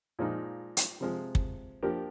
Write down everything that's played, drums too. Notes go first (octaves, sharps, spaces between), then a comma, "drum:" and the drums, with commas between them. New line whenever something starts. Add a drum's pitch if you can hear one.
A#2 F3 G#3 D#4
drum: hi-hat
C3 F3 G#3
drum: kick
F3 A#3 D4 G4 A#4